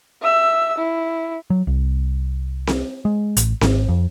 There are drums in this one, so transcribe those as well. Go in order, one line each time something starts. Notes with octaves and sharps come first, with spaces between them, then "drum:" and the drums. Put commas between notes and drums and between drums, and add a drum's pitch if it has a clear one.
E5 E6
E4
F#3
C2
drum: snare C4
G#3
A1, drum: hi-hat
G#1, drum: snare C4
F2